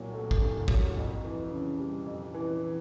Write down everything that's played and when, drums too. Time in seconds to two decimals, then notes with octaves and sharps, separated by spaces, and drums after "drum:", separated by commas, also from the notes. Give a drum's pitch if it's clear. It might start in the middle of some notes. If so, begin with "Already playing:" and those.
Already playing: C2 A#2 F#3
0.14 A3
0.31 drum: kick
0.41 C2
0.68 F#3, drum: kick
0.97 F2
1.24 E3
1.52 C#3
1.78 G3
2.06 F2
2.34 E3